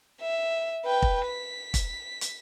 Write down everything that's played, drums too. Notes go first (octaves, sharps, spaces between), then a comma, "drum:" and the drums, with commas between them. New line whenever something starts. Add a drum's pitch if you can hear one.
E5
B4 G5
drum: kick
B6
drum: kick, hi-hat
drum: hi-hat